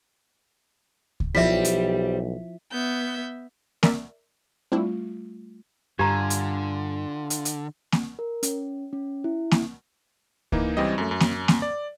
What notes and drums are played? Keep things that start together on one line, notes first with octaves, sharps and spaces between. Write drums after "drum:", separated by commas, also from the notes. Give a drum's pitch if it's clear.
drum: kick C#2
B1 F3 G3 C4 E4 E5 B6
drum: hi-hat
B3 E5 G6
A#4 D5 E5, drum: snare A#3
G3 A3 C4 D4 E4 F4
G2 D3 F4 G4 G#5 A#5
drum: hi-hat
drum: hi-hat
drum: hi-hat
drum: snare A#3
A#4
C#4, drum: hi-hat
C#4
E4
drum: snare A#3
E3 A#3 D#4, drum: kick C#2
C#2 E3 G3 C4 D#5
F#2 A3
F#2
drum: snare A#3
drum: snare A#3
D5